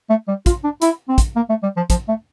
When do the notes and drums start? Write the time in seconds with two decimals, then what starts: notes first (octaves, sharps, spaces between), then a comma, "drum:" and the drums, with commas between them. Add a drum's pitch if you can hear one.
0.09 A3
0.28 G3
0.46 F4, drum: kick, hi-hat
0.64 D4
0.82 E4, drum: hi-hat
1.09 C4
1.18 drum: kick, hi-hat
1.36 A#3
1.49 A3
1.63 G3
1.76 F3
1.90 F3, drum: kick, hi-hat
2.08 A3